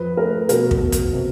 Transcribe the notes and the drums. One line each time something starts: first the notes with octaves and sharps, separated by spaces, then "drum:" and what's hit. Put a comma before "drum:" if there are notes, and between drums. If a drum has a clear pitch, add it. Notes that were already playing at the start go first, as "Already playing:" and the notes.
Already playing: F2 B4
A3 A#4
B2 A#4, drum: hi-hat
drum: kick
B2
drum: kick, hi-hat
C3